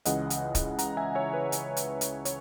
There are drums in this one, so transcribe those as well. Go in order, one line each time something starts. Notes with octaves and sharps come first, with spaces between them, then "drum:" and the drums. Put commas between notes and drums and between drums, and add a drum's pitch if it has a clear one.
C#2 C#3 E3 D#5 F#5, drum: hi-hat
drum: hi-hat
drum: kick, hi-hat
F#5 A#5, drum: hi-hat
E5 G#5
C#5 E5
B4
drum: hi-hat
drum: hi-hat
drum: hi-hat
C#5, drum: hi-hat